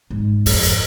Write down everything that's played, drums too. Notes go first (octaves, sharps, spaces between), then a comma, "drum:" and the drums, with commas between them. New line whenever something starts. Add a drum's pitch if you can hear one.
G#2
F2, drum: open hi-hat
drum: hi-hat